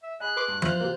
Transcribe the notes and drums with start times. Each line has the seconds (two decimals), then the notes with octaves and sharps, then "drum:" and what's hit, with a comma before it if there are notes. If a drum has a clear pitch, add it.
0.03 E5
0.20 G#4 D#5 G#5 B5 F#6
0.37 B4 C6 D6
0.48 G2
0.62 E2 E4 F4 C5 F6 F7, drum: tom F3
0.80 C3 F#3 A#3